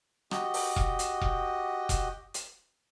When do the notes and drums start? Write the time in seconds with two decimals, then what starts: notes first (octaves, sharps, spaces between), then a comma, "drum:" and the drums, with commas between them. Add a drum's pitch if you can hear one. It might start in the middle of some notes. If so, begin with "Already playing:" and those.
0.31 F#4 G4 D#5, drum: rim click
0.54 drum: open hi-hat
0.76 drum: kick E1
0.99 drum: hi-hat
1.21 drum: kick E1
1.89 drum: kick E1, hi-hat
2.34 drum: hi-hat